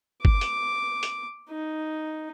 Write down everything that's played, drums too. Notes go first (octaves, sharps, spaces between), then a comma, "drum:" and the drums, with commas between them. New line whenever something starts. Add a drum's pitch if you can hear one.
D6, drum: kick
drum: hi-hat
drum: hi-hat
D#4